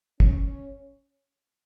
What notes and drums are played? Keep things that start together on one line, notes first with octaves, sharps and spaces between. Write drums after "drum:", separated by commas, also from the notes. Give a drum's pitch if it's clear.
C#4, drum: kick